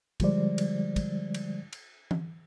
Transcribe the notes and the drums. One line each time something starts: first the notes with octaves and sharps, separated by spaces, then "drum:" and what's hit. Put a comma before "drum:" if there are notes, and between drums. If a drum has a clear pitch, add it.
D3 F3 G3 G#3 C5 D5, drum: kick, cymbal
drum: cymbal
drum: kick, cymbal
drum: cymbal
drum: cymbal
drum: tom E3